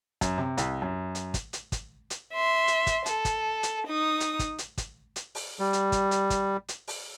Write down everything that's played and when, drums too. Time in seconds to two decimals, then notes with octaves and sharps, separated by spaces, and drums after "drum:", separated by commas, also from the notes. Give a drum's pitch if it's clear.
0.21 F#2, drum: kick, hi-hat
0.38 C3
0.57 C2, drum: hi-hat
0.82 F#2
1.15 drum: hi-hat
1.34 drum: kick, hi-hat
1.53 drum: hi-hat
1.72 drum: kick, hi-hat
2.10 drum: hi-hat
2.33 E5 C6
2.68 drum: hi-hat
2.87 drum: kick, hi-hat
3.06 A4, drum: hi-hat
3.25 drum: kick, hi-hat
3.63 drum: hi-hat
3.87 D#4 D#6
4.20 drum: hi-hat
4.39 drum: kick, hi-hat
4.58 drum: hi-hat
4.78 drum: kick, hi-hat
5.16 drum: hi-hat
5.35 drum: open hi-hat
5.59 G3
5.73 drum: hi-hat
5.92 drum: kick, hi-hat
6.11 drum: hi-hat
6.30 drum: kick, hi-hat
6.68 drum: hi-hat
6.88 drum: open hi-hat